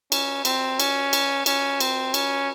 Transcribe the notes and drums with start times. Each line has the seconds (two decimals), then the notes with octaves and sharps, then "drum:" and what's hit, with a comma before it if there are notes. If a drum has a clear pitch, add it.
0.12 C#4, drum: cymbal
0.45 C4, drum: cymbal
0.80 C#4, drum: cymbal
1.13 drum: cymbal
1.46 C#4, drum: cymbal
1.80 C4, drum: cymbal
2.14 C#4, drum: cymbal